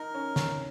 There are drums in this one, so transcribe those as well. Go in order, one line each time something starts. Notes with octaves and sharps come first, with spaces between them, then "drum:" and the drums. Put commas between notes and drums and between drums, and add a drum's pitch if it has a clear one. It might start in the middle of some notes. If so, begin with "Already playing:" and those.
Already playing: D#4 A#4
C#4
C#4, drum: snare